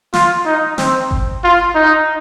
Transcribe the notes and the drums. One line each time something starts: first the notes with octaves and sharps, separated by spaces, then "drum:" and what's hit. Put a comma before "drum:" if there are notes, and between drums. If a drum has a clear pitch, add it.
F4, drum: snare
D#4
C4, drum: snare
drum: kick G1
F4
D#4